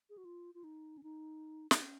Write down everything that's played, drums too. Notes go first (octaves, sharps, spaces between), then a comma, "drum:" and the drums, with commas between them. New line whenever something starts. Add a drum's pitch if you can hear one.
G#4
F#4
F4
F4
D#4
C#4
D#4
D#4, drum: snare
C#4